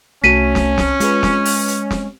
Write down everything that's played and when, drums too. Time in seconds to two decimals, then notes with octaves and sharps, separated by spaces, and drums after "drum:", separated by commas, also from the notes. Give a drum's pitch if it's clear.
0.24 C2 A3 C#4 F#4 A5 B6 D#7
0.55 drum: snare
0.78 drum: snare
1.00 G#3 F4 G#4 B4, drum: hi-hat
1.23 drum: snare
1.45 drum: open hi-hat
1.68 drum: hi-hat
1.91 drum: snare